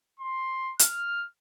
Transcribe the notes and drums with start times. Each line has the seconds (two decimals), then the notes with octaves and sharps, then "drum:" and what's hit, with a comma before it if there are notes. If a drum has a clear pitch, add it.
0.19 C6
0.79 F6, drum: hi-hat